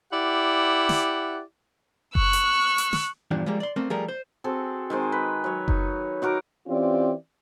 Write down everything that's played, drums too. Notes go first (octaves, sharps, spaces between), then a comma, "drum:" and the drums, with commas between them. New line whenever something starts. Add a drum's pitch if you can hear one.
E4 G4 D5 F#5
drum: snare
C#6 E6 F#6, drum: kick F#1
drum: hi-hat
drum: hi-hat
drum: snare
E2 G2 A#2 F3 D4
F3 G3 G#3 A#3
D5 C6
A3 A#3 C4
F3 G3 A3 G#4 A#4
C5
C4 F#4 G#4 A4
D#3 G#3 C4
B4
F#3 C#5
D#4, drum: kick F#1
D#4 F#4 A#4 D6
E3 C4 C#4 F4 G4 D5